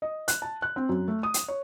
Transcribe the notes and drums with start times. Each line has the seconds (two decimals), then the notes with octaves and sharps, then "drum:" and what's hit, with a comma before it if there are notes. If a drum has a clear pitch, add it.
0.02 D#5
0.28 F#6, drum: hi-hat
0.42 A5
0.62 F#6
0.76 C4
0.89 F#2
1.08 A3
1.23 D#6
1.34 drum: hi-hat
1.48 C#5